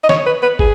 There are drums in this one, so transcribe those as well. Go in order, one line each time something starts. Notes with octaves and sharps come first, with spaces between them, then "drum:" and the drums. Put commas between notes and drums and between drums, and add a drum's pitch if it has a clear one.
D#5
C#5, drum: snare
B4
B4
G#4, drum: kick